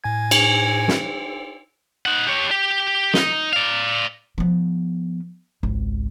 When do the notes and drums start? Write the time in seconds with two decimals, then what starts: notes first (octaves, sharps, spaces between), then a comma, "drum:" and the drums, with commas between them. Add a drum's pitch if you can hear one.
0.04 A2 G#5 G#6
0.31 drum: cymbal
0.88 drum: snare
2.06 D#4 F#5
2.27 G4 C#5
2.51 G4
3.14 D#4, drum: snare
3.53 D5 F5
4.38 F3 B3
5.63 G#1 C#2